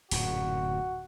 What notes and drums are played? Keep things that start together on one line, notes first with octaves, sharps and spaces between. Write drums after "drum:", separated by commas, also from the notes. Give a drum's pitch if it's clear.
D1 F#2 A#2 F#4, drum: open hi-hat